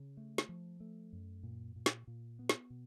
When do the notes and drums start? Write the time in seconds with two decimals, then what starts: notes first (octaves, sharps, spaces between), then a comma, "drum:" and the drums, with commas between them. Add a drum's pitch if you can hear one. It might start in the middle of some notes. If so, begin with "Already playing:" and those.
Already playing: C#3
0.17 A3
0.38 drum: snare
0.49 F3
0.80 A3
1.13 F#2
1.43 A#2
1.76 A#2
1.86 drum: snare
2.07 A#2
2.39 B3
2.49 drum: snare
2.70 B2